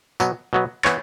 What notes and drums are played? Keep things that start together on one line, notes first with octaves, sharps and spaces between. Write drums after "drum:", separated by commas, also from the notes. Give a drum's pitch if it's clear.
B2 F#3 B3, drum: tambourine
B2 F#3 B3
E3 B3 C#5, drum: clap